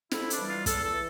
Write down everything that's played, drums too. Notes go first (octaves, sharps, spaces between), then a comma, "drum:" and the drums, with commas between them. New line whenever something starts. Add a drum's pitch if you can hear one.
F2 E4, drum: snare
D4, drum: hi-hat
E3 G3
F4
E2 A4, drum: kick, hi-hat
A4
E3